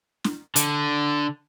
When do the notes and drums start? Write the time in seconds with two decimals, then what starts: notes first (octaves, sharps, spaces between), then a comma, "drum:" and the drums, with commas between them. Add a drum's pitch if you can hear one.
0.24 drum: snare
0.56 D3, drum: hi-hat